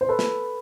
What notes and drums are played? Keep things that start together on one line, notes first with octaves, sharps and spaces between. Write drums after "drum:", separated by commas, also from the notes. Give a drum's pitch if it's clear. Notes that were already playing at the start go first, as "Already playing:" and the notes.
C5
A4 B4
drum: snare